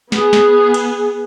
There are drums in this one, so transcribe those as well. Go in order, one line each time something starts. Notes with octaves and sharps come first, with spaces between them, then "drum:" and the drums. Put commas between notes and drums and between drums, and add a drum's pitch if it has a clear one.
B3 G#4, drum: snare
drum: snare
drum: cymbal